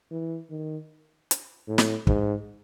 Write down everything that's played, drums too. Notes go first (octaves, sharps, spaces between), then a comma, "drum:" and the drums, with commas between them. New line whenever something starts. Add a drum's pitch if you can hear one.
E3
D#3
drum: hi-hat
A2
drum: snare
G#2, drum: kick